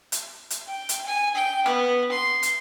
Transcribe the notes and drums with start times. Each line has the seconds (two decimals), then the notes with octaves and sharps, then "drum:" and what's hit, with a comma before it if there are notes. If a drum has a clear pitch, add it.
0.12 drum: hi-hat
0.50 drum: hi-hat
0.67 G5
0.89 drum: hi-hat
1.06 G#5
1.35 G5
1.66 B3, drum: rim click
2.11 C6
2.43 drum: hi-hat